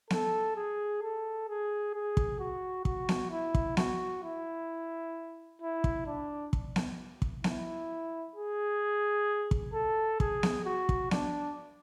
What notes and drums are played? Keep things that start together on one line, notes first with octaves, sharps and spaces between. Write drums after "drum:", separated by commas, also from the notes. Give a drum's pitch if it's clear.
A4, drum: snare B3
G#4
A4
G#4
G#4
drum: kick
F#4
F#4, drum: kick
drum: snare B3
E4
drum: kick
F#4, drum: snare B3
E4
E4
drum: kick
D4
drum: kick
drum: snare B3
drum: kick
E4, drum: snare B3
G#4
drum: kick
A4
G#4, drum: kick
drum: snare B3
F#4
drum: kick
D4, drum: snare B3